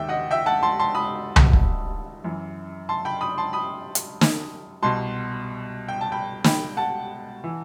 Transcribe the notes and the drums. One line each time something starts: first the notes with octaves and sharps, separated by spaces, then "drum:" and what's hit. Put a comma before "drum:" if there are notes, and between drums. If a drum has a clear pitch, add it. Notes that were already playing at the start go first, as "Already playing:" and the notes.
Already playing: D#2 D#3 E5 G5
D#5 F#5
E5 G5
F#5 A5
A5 C6
A5 C6
B5 D#6
drum: tom C2
drum: kick
F#2 E3
A5 C6
G5 B5
B5 D#6
A5 C6
B5 D#6
drum: hi-hat
drum: snare
C2 B2 A5 C6
G5
A5
G5 B5
G5 B5, drum: snare
F#5 A5
E3